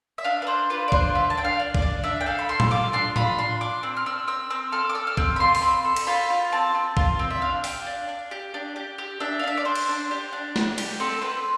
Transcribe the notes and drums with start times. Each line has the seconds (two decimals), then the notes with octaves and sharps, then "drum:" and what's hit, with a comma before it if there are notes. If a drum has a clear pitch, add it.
0.18 E5
0.24 D4 F5
0.42 B4
0.47 D4 C5
0.70 F4 B4
0.88 D5
0.92 D4 C5, drum: kick
1.15 F4 E5
1.30 A5
1.37 D4 G5
1.44 F5
1.59 D4
1.75 D5, drum: kick
1.82 D4
2.04 D4 E5
2.21 G5
2.26 A4 F5
2.39 B5
2.49 A4 C6
2.60 drum: tom A#2
2.71 F4 D6
2.93 D4 C6
3.16 F4 B5, drum: tom A2
3.38 D4 C6
3.61 D4 D6
3.83 C4
3.96 F6
4.06 C4 E6
4.28 C4 E6
4.50 C4 E6
4.72 A4 F6
4.89 D6
4.95 A4 E6
5.07 F6
5.17 C4 E6, drum: kick
5.36 B5
5.40 F4 C6
5.55 C6, drum: open hi-hat
5.62 C4 B5
5.85 A4
5.96 drum: cymbal
6.07 F4 B5
6.30 F4
6.52 C4 A5
6.75 C4
6.97 F4, drum: kick
7.19 C4
7.30 E5
7.41 D4 F5
7.64 G4, drum: open hi-hat
7.86 D4
8.09 D4
8.31 G4
8.54 D4
8.76 G4
8.98 G4
9.20 D4 E5
9.39 F5
9.44 D4 E5
9.57 D5
9.65 D4 C5
9.75 drum: cymbal
9.89 D4
10.11 G4
10.33 D4
10.56 D4, drum: snare
10.78 G4, drum: cymbal
11.00 C4 A4
11.22 C4 B4